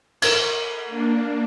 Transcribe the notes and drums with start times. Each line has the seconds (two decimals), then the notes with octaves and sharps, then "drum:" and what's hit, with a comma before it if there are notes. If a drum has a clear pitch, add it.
0.22 A#4 D#5 E5 G#6 E7, drum: cymbal
0.86 A#3 D4